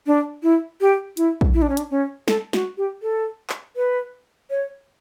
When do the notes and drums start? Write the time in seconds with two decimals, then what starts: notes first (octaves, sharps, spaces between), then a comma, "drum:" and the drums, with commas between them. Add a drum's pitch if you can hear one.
0.07 D4
0.43 E4
0.81 G4
1.17 E4, drum: hi-hat
1.41 drum: kick
1.54 E4
1.62 D4
1.69 C#4
1.77 D4, drum: hi-hat
1.91 C#4
2.28 A4, drum: snare
2.53 F#4, drum: snare
2.77 G4
3.02 A4
3.50 drum: clap
3.76 B4
4.50 C#5